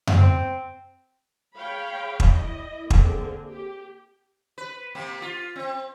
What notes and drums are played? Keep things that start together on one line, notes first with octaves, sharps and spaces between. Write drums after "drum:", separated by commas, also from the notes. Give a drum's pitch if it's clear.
drum: tom F#2
C4
G#4 C#5 F5 G5 B5
drum: kick
E4 D#5
D3 A#3 C4 G#4, drum: kick
G4
B4
C3 A#3 C4
F4
C4